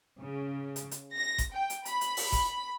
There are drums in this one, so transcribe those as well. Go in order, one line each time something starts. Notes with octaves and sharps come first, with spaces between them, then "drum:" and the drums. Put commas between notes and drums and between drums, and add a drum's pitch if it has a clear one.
C#3
drum: hi-hat
drum: hi-hat
A#6
drum: kick F#1, hi-hat
G5
drum: hi-hat
B5, drum: hi-hat
drum: hi-hat
drum: open hi-hat
drum: kick F#1, hi-hat